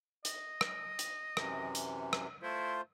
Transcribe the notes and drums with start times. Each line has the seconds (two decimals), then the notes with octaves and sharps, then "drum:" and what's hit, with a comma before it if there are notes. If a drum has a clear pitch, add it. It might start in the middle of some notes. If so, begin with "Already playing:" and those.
0.25 D#5, drum: hi-hat
0.61 drum: rim click
0.99 drum: hi-hat
1.37 F#2 C3 E3, drum: rim click
1.75 drum: hi-hat
2.13 drum: rim click
2.43 A3 E4 F4 C5